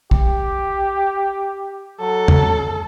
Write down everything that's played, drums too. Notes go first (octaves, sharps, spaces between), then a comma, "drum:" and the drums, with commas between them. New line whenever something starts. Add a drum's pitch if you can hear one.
G4, drum: kick
F#3 A4
drum: tom E2